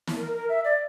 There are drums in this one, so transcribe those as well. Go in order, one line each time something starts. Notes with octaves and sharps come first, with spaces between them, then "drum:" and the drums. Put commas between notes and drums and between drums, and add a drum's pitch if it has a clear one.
drum: snare
A#4
A#4
E5
D5